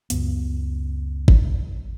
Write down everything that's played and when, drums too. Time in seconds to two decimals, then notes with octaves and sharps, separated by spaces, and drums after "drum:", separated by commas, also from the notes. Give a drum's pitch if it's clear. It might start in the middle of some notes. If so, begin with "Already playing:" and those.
0.10 C#2 F#2 B3, drum: hi-hat
1.28 drum: kick G#1